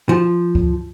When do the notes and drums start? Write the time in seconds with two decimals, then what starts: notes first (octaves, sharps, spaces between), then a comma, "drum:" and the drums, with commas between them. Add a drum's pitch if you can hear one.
0.09 F3
0.55 drum: kick C#2